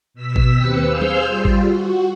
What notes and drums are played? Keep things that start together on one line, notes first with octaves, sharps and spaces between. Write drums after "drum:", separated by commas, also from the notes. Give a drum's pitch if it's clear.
B2 E6 B6
drum: kick A1
D#2 C4 G4 B4 E6 C#7
G#4 C5 F5 E6 F6 G6
drum: tom F#3
G3 F4
drum: kick A1
F#4